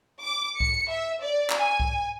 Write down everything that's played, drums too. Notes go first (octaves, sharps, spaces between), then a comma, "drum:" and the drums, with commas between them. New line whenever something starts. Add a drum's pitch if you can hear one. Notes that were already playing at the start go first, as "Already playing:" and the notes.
D6
C#7, drum: kick C2
E5
D5
drum: clap
G#5
drum: kick C2